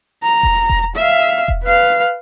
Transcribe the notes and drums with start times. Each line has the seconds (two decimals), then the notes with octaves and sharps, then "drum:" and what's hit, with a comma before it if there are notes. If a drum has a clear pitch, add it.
0.23 A#5
0.43 drum: kick E1
0.69 drum: kick E1
0.96 E5 F5
1.48 drum: kick E1
1.63 B4 F5